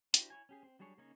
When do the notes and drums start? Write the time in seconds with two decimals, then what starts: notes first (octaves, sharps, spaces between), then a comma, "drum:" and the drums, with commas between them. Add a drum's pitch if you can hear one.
0.14 D4 E4 F#4 G4 C5, drum: hi-hat
0.30 E4 C#5 G#5
0.49 C#4 G4 G#4
0.63 C4
0.79 F#3 G3 D4 G#4 C#5
0.98 C#3 A#3 C#4 D#4 C#5